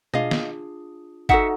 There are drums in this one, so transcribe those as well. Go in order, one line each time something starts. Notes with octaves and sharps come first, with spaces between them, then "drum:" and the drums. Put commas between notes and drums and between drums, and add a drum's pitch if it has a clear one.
D4 F4 G#4 D#5 F5, drum: tom B2
drum: snare
D#4 F#4 A4 E5 F#5, drum: kick G1